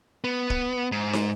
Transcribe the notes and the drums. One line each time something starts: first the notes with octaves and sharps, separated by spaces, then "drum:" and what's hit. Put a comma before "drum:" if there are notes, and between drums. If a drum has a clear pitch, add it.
B3
drum: kick
G#2
drum: snare